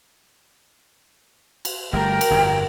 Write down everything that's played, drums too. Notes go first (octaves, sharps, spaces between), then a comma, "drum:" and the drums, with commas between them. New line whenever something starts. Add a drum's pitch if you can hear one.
drum: cymbal
G1 G3 A3 A#4 G5
drum: cymbal
G1 F2